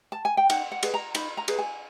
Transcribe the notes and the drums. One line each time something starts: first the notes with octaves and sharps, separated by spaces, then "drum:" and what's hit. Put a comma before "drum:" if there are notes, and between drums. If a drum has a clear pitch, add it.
A5
G#5
G5
D#4 F#5, drum: cymbal
F#5
G#4 B4, drum: cymbal
A#5
D#4 B5, drum: cymbal
A#5
G#4 B4, drum: cymbal
G#5